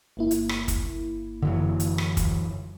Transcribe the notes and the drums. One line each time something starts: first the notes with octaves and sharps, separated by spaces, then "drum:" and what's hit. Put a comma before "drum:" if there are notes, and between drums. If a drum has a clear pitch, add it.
G1 A#3 E4
drum: hi-hat
drum: rim click
drum: kick, hi-hat
F#2 D3 E3 F#3
drum: hi-hat
drum: rim click
drum: kick, hi-hat